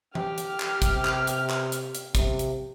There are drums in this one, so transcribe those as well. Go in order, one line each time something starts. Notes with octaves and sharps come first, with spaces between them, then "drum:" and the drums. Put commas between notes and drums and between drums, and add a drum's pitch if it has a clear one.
G4 F6, drum: tom E3
drum: hi-hat
drum: clap
C3, drum: kick, hi-hat
drum: clap
drum: hi-hat
drum: clap
drum: hi-hat
drum: hi-hat
C3, drum: kick, hi-hat
drum: hi-hat